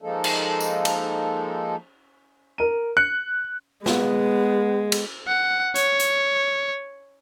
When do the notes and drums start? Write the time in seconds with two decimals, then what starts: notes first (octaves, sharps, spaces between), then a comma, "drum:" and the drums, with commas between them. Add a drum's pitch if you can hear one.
0.02 F3 G#3 A#3 D#4 A4
0.24 drum: cymbal
0.60 drum: tambourine
0.85 drum: cymbal
2.58 A#4 D#7
2.97 F#6 C#7
3.86 G#3 B3, drum: snare
4.92 drum: cymbal
5.27 F#5
5.75 C#5, drum: hi-hat
6.00 drum: hi-hat